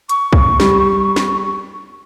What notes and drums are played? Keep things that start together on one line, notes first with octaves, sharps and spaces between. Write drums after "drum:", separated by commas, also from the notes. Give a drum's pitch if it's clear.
C#6, drum: hi-hat
drum: kick
G3, drum: snare
drum: snare